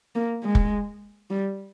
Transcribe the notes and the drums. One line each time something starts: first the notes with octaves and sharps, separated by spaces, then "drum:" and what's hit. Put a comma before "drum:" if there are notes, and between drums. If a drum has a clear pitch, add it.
A#3
G#3
drum: kick
G3